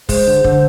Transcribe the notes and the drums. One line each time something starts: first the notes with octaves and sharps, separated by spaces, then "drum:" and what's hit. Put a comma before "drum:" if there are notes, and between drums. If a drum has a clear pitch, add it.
G#3 C5, drum: kick, open hi-hat
D3
D3, drum: kick